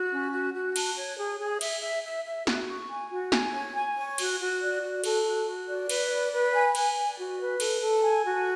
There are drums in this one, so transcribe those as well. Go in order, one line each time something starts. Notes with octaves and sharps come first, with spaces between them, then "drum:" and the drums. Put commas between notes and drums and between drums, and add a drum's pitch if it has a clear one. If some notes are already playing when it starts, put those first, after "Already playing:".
Already playing: F#4
C#4
F#4
F#4
A5, drum: cymbal
C#5
G#4
G#4
E5, drum: cymbal
E5
E5
E5
F#4, drum: snare
C#6
G#5
F#4
G#5, drum: snare
C#5
G#5
C#5
F#4, drum: cymbal
F#4
D5
F#4
A4, drum: cymbal
F#4
F#4
D5
B4, drum: cymbal
D5
B4
G#5
G#5, drum: cymbal
D5
F#4
B4
A4, drum: cymbal
A4
G#5
F#4